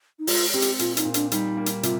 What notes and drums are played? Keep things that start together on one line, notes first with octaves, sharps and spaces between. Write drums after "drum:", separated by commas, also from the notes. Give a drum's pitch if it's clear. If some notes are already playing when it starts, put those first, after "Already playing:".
D#4
G#3 F4, drum: open hi-hat
C4 G4
drum: hi-hat
A#2 F4, drum: hi-hat
D#4, drum: hi-hat
A#2
D4, drum: hi-hat
G3 D#4, drum: hi-hat
A#3
drum: hi-hat
C3 F4, drum: hi-hat